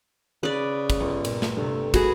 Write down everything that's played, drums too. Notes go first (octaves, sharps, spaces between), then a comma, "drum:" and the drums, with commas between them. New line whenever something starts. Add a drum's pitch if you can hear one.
C#3 B4 D5
drum: kick, cymbal
G1 C#6
A#2, drum: cymbal
drum: snare
G2 C3 A3
F#4 G#4 B4, drum: kick, cymbal